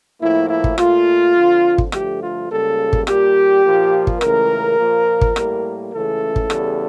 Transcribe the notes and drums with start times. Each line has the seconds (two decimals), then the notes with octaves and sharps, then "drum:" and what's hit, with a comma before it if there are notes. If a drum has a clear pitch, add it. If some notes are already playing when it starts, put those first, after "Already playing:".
0.21 A2 F3 A#3 E4
0.50 E4
0.64 drum: kick
0.78 A#2 A3 F4, drum: rim click
1.36 F2 D3 F3
1.78 drum: kick
1.92 G2 D3 F3 A3 G4, drum: rim click
2.21 F4
2.50 C#2 C#3 G3 A#3 A4
2.93 drum: kick
3.07 A#2 G3 A#3 G4, drum: rim click
3.64 A#2 F3 A#3
4.07 drum: kick
4.21 C#2 C#3 E3 A3 A#4, drum: rim click
4.78 A#2 F3 A#3
5.21 drum: kick
5.36 A2 G3 A#3, drum: rim click
5.92 C#2 C#3 E3 A3 A4
6.36 drum: kick
6.50 E2 C#3 G3, drum: rim click